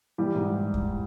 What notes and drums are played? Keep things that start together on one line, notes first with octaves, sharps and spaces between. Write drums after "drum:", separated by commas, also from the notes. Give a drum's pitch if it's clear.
E3 G3 G4
G#2
drum: kick